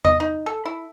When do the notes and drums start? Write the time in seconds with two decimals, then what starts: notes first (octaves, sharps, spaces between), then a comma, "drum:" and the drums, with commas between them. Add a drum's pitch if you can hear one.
0.05 D#5, drum: tom E2
0.20 D#4
0.46 A4
0.65 E4